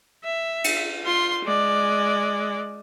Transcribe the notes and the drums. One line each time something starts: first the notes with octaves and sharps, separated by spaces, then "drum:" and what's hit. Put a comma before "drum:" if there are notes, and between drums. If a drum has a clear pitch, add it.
E5
drum: cymbal
F4 C6
G#3 D5